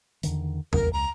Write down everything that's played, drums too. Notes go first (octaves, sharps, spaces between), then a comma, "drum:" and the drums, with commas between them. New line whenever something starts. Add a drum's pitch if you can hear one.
E2 D3 D#3, drum: hi-hat
A1 D#2 A#4, drum: tom E2
C#2 A#5